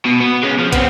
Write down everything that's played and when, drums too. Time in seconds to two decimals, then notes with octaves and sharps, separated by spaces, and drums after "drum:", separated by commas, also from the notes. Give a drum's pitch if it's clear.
0.05 B2
0.21 B3
0.44 G#3 C#4
0.60 F3
0.73 B3 C4, drum: kick, hi-hat